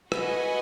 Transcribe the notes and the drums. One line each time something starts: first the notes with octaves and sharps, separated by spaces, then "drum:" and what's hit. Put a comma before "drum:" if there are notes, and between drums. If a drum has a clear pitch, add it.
F#4 B4 D#5 G#5, drum: rim click